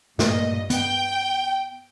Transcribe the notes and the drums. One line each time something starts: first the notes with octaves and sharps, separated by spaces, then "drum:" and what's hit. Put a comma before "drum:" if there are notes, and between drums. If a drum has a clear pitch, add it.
G2 A#2 D#5, drum: snare
B3 G5, drum: hi-hat